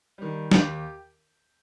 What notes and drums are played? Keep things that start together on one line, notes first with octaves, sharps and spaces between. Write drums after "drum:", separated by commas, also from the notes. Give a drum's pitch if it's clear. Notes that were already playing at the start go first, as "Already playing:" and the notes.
D#3 G3
D#2 G4, drum: snare